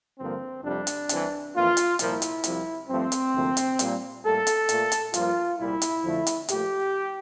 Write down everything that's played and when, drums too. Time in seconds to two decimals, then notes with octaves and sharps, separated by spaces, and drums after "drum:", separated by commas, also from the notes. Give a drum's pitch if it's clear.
0.19 G2 D3 F3 A#3 C4
0.64 F2 C3 G3 D4
0.87 drum: hi-hat
1.09 C2 C3 E3, drum: hi-hat
1.54 F2 E3 A#3 F4
1.77 drum: hi-hat
1.99 C2 A#2 F3 A#3 E4, drum: hi-hat
2.22 drum: hi-hat
2.44 C2 C3 F3, drum: hi-hat
2.89 G2 F3 A3 C4
3.12 drum: hi-hat
3.35 D2 C3 F3 A#3
3.57 drum: hi-hat
3.79 A#2 G3 A#3, drum: hi-hat
4.24 A2 G3 A#3 A4
4.47 drum: hi-hat
4.69 A#2 A3, drum: hi-hat
4.92 drum: hi-hat
5.14 G2 F3 A#3 F4, drum: hi-hat
5.59 C2 A#2 G3 E4
5.82 drum: hi-hat
6.04 F2 D3 F3 A3
6.27 drum: hi-hat
6.48 A#2 F3 A3 G4, drum: hi-hat